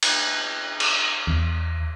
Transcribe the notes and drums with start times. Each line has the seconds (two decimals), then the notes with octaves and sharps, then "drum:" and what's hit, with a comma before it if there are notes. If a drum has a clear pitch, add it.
0.03 drum: cymbal
0.80 drum: cymbal
1.27 E2